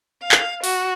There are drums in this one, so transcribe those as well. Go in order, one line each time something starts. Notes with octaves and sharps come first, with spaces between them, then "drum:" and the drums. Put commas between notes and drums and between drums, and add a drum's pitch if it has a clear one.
F5
drum: clap
F#4, drum: open hi-hat